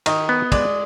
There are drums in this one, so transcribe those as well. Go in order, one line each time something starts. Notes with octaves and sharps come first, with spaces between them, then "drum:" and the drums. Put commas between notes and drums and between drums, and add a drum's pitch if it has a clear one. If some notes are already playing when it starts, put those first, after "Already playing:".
D#3 D#5, drum: cymbal
B3
G#3 D5, drum: kick, cymbal